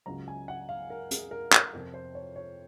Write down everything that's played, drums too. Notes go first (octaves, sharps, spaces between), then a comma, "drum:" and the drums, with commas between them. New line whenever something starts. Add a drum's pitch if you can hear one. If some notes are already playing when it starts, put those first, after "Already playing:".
C#2 C#3 F#3 A#5
G#5
F#5
F5
A#4
G#4, drum: hi-hat
A#4
A#4, drum: clap
F2 C3 F3 A#4
C5
C#5
C#5